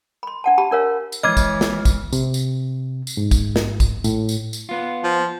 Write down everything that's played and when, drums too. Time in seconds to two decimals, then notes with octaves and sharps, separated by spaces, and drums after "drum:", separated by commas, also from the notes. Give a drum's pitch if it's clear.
0.23 B5 C6
0.44 D4 F#5 A5
0.58 G4 A5 B5
0.71 D4 A#4 C#5 F5
1.12 drum: tambourine
1.23 E3 G#3 D#5 D6 F6 G#6
1.37 drum: kick A1, tambourine
1.61 drum: snare
1.85 drum: kick A1, tambourine
2.13 C3, drum: tambourine
2.34 drum: tambourine
3.07 drum: tambourine
3.17 G#2
3.31 drum: kick A1, tambourine
3.56 drum: snare
3.80 drum: kick A1, tambourine
4.04 A2, drum: tambourine
4.29 drum: tambourine
4.53 drum: tambourine
4.69 B3 F4
5.04 F3